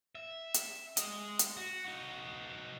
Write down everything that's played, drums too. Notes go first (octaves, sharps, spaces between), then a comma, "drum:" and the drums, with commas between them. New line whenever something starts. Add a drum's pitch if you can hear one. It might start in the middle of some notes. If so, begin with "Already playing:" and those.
E5
drum: hi-hat
G#3 D#5, drum: hi-hat
drum: hi-hat
F#4
D#4 F#4